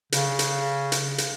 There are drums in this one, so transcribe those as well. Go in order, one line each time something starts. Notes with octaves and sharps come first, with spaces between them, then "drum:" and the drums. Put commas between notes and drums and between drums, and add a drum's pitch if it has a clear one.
C#3, drum: hi-hat
drum: hi-hat
drum: hi-hat
drum: hi-hat